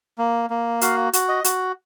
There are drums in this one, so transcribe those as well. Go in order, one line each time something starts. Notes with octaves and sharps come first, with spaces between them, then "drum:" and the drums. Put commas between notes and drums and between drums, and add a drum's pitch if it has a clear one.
A#3
A#3
F#4 F5, drum: hi-hat
F#4, drum: hi-hat
D#5
F#4, drum: hi-hat